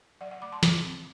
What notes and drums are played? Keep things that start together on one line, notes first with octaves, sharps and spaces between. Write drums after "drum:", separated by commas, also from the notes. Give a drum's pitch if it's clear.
F#3 D5 F#5
D5 F#5
A3 B5 D6
A5 C6
F#3 B5 D6, drum: snare
C4